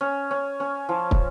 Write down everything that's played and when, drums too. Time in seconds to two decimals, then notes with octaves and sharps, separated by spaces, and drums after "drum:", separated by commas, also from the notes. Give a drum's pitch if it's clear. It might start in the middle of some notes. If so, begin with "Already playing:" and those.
0.01 C#4
0.31 C#4
0.60 C#4
0.89 F3
1.11 drum: kick